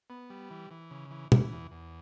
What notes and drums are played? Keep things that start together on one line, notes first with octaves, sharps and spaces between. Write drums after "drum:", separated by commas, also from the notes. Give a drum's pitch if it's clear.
B3
G3
E3
E3
C#3
E3
E3, drum: tom
E2
E2